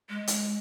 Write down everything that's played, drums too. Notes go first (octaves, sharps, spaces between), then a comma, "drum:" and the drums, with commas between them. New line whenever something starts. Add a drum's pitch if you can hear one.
G#3
drum: hi-hat